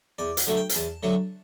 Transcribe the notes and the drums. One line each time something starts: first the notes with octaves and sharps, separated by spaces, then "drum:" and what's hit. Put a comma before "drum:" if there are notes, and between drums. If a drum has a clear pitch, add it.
E2 D5
F#5, drum: hi-hat
D3 F#3 A3
G5
G5, drum: hi-hat
E2 A5
D3 F#3 A3